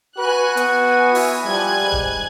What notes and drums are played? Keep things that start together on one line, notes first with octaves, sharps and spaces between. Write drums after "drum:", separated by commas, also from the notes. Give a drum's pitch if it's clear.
F#4 B4 G#5 F#6
B3 G#5, drum: hi-hat
E4, drum: open hi-hat
F3 G3 G#5 F#6 G#6
G#2
drum: kick E1